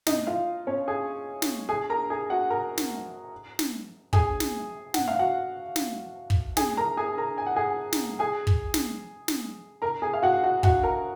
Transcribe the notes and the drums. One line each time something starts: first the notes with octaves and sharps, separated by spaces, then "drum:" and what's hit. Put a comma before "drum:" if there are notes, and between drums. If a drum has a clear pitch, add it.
D#4 D#5, drum: snare
F4 F5
C#4 C#5
G#4 G#5
drum: snare
G#4 G#5
A#4 A#5
G#4 G#5
F#4 F#5
A#4 A#5
drum: snare
drum: snare
G#4 G#5, drum: kick
drum: snare
F#5, drum: snare
F5
F#4 F#5
drum: snare
drum: kick
G#4 G#5, drum: snare
A#4 A#5
G#4 G#5
A#4 A#5
G#5
F#5
G#4 G#5
drum: snare
G#4 G#5
drum: kick
drum: snare
drum: snare
A#4 A#5
G#4 G#5
F5
F#4 F#5
F#4 F#5
F#4 F#5, drum: kick
A#4 A#5